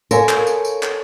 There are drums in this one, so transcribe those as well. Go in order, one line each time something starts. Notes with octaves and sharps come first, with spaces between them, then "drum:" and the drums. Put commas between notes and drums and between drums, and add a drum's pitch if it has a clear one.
F#4 A4 A#4 C#5 F5 G#5, drum: tambourine
drum: clap
drum: tambourine
drum: tambourine
drum: clap